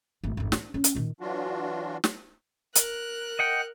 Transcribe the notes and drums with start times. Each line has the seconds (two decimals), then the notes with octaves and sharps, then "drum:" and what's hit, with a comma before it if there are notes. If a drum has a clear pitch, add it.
0.24 G#1 A3
0.37 G#1 F2
0.52 D4, drum: snare
0.74 C#4
0.84 drum: hi-hat
0.95 A#2 D#3
1.20 E3 F#3 D4 F4 F#4
2.04 drum: snare
2.75 A#4 F#6, drum: hi-hat
3.39 D#5 F#5 G5